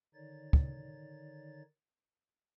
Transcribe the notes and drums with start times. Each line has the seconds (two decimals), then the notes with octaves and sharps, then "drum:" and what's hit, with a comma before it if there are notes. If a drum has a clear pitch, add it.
0.14 D3 D#3 D#4 C#5 D5 A6
0.53 drum: kick